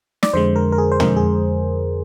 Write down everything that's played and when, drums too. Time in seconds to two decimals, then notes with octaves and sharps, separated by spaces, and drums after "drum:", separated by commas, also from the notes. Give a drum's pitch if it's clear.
0.23 D5, drum: snare
0.34 F2 D3 G#3 C5
0.56 A#4
0.72 A#4
0.78 G#4
0.92 C5
1.00 F2 D3 G#3 A#4, drum: tom
1.17 G#4